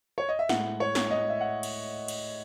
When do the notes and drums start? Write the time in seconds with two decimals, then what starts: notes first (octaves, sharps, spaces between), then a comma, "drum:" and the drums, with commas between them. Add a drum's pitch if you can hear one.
0.18 C#5
0.29 D#5
0.39 E5
0.49 A2 G#3 F#5, drum: snare
0.80 C#5
0.95 drum: snare
1.11 D#5
1.30 E5
1.41 F#5
1.63 drum: cymbal
2.08 drum: cymbal